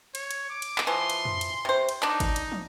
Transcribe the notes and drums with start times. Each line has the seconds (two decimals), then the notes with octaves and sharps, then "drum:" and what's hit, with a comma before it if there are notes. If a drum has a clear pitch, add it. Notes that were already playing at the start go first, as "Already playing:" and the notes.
0.15 C#5, drum: cymbal
0.31 drum: cymbal
0.50 D6
0.62 drum: cymbal
0.78 drum: clap
0.87 E3 F3 C6
1.10 drum: cymbal
1.25 drum: tom
1.41 drum: cymbal
1.65 C3 C5
1.89 drum: cymbal
2.03 D4 D#4, drum: clap
2.20 drum: kick G1, cymbal
2.36 drum: cymbal
2.52 drum: tom